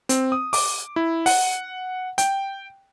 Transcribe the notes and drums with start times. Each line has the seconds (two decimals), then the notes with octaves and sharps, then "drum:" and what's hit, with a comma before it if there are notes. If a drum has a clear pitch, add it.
0.09 C4, drum: hi-hat
0.32 D#6
0.53 D6, drum: open hi-hat
0.96 E4
1.26 F#5, drum: open hi-hat
2.18 G5, drum: hi-hat